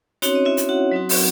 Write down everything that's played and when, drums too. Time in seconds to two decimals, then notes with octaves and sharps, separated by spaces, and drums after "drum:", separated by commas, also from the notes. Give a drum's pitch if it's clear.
0.22 C4 C#4 D#4 F#4 C#5, drum: hi-hat
0.35 D#5
0.45 E4 E5
0.57 drum: hi-hat
0.69 F#4 F#5
0.92 F#3 C4 D#4 F#4
1.09 drum: open hi-hat